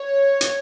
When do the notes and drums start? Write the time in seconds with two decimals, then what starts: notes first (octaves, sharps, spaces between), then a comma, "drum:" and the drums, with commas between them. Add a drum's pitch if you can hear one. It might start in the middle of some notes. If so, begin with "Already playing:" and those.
Already playing: C#5
0.41 drum: hi-hat